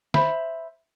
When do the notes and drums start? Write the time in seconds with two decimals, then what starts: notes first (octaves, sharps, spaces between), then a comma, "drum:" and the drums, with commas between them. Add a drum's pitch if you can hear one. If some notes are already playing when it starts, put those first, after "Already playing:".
0.14 C5 E5 B5, drum: snare D#3